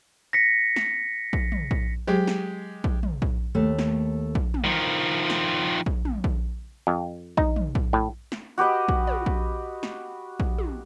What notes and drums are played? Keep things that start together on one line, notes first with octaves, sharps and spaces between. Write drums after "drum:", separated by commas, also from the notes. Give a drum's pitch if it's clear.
A#6 B6 C#7
drum: snare
drum: kick A#1
drum: tom
drum: kick A#1
F#3 G#3 G4
drum: snare
drum: kick A#1
drum: tom
drum: kick A#1
D#2 A3
drum: snare
drum: kick A#1
drum: tom
D#3 F3
drum: snare
drum: kick A#1
drum: tom
drum: kick A#1
F2
D#4, drum: kick A#1
drum: tom
drum: kick A#1
A2
drum: snare
F#4 G4 B4 D#5
drum: kick A#1
drum: tom
drum: kick A#1
drum: snare
drum: kick A#1
drum: tom